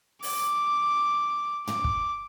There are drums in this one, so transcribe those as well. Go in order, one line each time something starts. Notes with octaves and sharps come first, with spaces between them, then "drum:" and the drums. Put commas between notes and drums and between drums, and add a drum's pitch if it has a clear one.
D6, drum: open hi-hat
D6, drum: tom
drum: kick